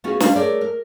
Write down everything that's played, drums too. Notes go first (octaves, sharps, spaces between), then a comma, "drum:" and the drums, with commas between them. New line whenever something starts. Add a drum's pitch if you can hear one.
A3 B3 C#4 F4 F#4 G#4
G3 G#3 C#4 D4 C5 F5, drum: snare
A3 G#4 A#4 C#5 D5
A#4